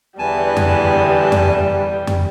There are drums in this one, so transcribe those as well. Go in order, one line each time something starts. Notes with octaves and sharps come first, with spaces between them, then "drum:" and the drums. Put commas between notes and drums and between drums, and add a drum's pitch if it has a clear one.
E2 D3 E3 G3 B3 G#5 A5
drum: tom F2
drum: tom F2
drum: tom F2